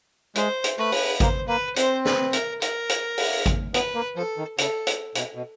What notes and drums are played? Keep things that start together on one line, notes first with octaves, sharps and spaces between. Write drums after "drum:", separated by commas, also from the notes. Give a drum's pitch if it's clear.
G#3 C5, drum: hi-hat
drum: hi-hat
A3 B4
drum: open hi-hat
A#3 C5, drum: kick G#1, hi-hat
A#3 B4
C4 C5, drum: hi-hat
B4, drum: snare
A#4, drum: hi-hat
A#4, drum: hi-hat
drum: hi-hat
drum: open hi-hat
drum: kick G#1, hi-hat
B3 B4, drum: hi-hat
A#3
F3 A4
D#3
C#3 A4, drum: hi-hat
drum: hi-hat
B2, drum: hi-hat
B2